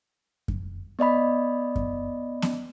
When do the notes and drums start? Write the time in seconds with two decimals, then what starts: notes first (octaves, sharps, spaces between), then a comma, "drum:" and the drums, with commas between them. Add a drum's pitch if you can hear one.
0.48 drum: kick F#2
0.99 B3 D5 D#5 B5
1.76 drum: kick F#2
2.42 drum: snare B3